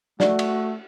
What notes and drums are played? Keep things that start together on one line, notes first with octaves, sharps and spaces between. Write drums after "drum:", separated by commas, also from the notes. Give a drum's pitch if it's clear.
A3 F#4 D5, drum: snare
drum: cymbal